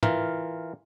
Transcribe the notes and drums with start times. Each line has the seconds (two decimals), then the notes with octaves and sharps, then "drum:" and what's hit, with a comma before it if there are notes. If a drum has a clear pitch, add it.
0.03 E3 F4 A#4, drum: tom